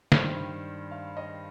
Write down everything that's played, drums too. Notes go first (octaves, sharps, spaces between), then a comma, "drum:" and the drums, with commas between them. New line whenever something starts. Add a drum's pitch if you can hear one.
G2 D#3 G3 C5, drum: snare
F5
D#5